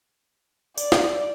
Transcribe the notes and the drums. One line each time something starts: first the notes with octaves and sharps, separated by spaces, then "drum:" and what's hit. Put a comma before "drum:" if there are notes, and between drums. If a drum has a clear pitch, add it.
D5, drum: tambourine
drum: snare